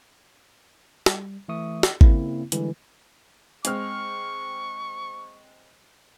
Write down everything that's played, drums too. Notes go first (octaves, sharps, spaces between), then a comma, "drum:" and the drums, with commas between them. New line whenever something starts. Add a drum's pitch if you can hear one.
G3, drum: snare
E3 A3 E5 C#6 D#6
E6, drum: snare
C#3 A#3 C4 E4, drum: kick G#1
D3 E3 G3 G#3, drum: hi-hat
G#3 C4 C#6 F6, drum: hi-hat